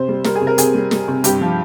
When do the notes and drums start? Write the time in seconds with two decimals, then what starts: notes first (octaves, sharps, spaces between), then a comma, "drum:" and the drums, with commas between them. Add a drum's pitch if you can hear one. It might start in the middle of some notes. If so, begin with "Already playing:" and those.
Already playing: C3 C5
0.09 G3
0.24 G3 A#4, drum: snare
0.35 G#4
0.41 C3
0.47 A#4
0.58 C3 G#4, drum: hi-hat
0.74 G3
0.91 G3, drum: snare
1.08 C3
1.24 G2 G4, drum: hi-hat
1.41 F3